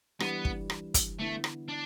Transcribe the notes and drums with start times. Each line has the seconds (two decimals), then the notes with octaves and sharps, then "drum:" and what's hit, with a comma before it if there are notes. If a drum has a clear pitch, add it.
0.20 E3 G3 B3 D4, drum: rim click
0.45 drum: kick
0.70 drum: rim click
0.94 drum: kick, hi-hat
1.19 D3 A3 B3 E4
1.44 drum: rim click
1.69 D4